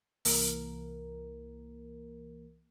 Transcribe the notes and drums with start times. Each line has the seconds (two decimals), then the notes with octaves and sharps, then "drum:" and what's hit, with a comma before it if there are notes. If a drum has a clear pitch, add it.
0.25 C2 E3 A#3 A#4, drum: open hi-hat